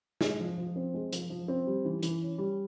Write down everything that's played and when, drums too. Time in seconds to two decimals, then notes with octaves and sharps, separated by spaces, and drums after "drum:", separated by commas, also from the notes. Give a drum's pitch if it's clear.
0.21 G#3, drum: snare
0.40 F3
0.58 F3
0.76 C4
0.94 G#3
1.13 F3, drum: hi-hat
1.30 F3
1.48 C4
1.66 G3
1.85 E3
2.03 E3, drum: hi-hat
2.21 C#4
2.38 G3